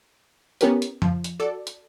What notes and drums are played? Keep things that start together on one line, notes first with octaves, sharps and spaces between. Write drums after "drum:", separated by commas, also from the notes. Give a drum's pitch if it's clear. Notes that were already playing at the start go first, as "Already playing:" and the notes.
B3 C#4 E4 G4 A#4 B4, drum: hi-hat
drum: hi-hat
F3, drum: tom F2
drum: hi-hat
F#4 A4 D5
drum: hi-hat